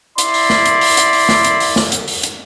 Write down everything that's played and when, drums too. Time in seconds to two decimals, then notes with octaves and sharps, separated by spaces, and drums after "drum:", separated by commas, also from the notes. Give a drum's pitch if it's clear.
0.18 E4 D5 C6, drum: hi-hat
0.34 drum: open hi-hat
0.50 drum: snare
0.66 drum: hi-hat
0.81 drum: open hi-hat
0.97 drum: hi-hat
1.13 drum: open hi-hat
1.29 drum: snare
1.44 drum: hi-hat
1.60 drum: open hi-hat
1.76 drum: snare
1.92 drum: hi-hat
2.08 drum: open hi-hat
2.23 drum: hi-hat